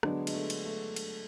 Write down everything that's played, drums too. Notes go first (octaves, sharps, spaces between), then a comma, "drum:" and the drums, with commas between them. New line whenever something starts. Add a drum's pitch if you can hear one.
D3 F#3 G#3 B3 D4, drum: rim click
G#3, drum: cymbal
A3
drum: cymbal
A3
drum: cymbal